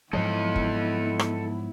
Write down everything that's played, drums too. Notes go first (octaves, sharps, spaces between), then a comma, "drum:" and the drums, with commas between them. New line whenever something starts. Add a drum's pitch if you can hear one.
G#2 F3 F#3 B3 E4 A4 D#5
drum: kick
drum: rim click